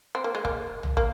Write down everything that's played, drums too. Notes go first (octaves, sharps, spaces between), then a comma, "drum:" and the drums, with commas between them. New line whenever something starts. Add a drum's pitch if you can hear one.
C4
A#3
G#3
A#3, drum: kick
drum: tom
A#3, drum: kick